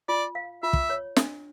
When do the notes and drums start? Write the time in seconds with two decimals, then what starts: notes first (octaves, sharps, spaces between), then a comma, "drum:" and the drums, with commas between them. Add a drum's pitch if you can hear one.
0.08 F4 D5
0.35 F5
0.63 F4 E5
0.73 drum: kick
0.90 C#5
1.16 D4, drum: snare